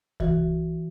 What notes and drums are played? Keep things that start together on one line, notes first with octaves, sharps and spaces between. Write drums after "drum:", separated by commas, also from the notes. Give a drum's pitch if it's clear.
E3 F#4, drum: kick C2